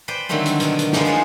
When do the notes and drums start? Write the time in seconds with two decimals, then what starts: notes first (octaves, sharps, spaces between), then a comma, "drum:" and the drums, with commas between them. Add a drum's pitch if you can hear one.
0.08 B4 C5 D5 G5
0.29 D3 D#3 F#3 G3 A3 C4
0.46 drum: hi-hat
0.60 B2 A#4, drum: hi-hat
0.79 drum: hi-hat
0.93 F3 G#3 A#3 B3 D#4 G4, drum: snare
1.05 D4 F4 G#4 A#4 C5 C#5